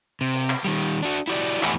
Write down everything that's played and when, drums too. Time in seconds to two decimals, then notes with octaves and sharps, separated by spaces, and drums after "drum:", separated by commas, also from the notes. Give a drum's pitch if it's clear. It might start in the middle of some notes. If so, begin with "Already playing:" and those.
0.21 C3
0.34 drum: open hi-hat
0.50 drum: clap
0.65 D#3 G3, drum: hi-hat
0.82 drum: hi-hat
1.02 D4 F#4
1.14 drum: hi-hat
1.27 E4 F#4 G4 C5 D5
1.63 E2 A2 G4 E5 F#5 G#5, drum: clap